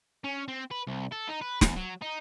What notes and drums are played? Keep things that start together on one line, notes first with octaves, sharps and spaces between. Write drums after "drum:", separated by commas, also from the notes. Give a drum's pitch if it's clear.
C#4
C4
B4
C2
A4
D#4
B4
E2, drum: snare
F#3
D#4